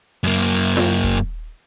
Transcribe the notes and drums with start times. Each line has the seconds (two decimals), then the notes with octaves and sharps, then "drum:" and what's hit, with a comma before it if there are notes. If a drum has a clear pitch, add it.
0.24 F#2 A#3
0.77 drum: snare F4
1.03 drum: kick